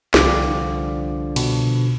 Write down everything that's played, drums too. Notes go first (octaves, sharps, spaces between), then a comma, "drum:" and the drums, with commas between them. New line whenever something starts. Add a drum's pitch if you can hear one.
C2 D3 F3 G3 D6, drum: snare
B2, drum: cymbal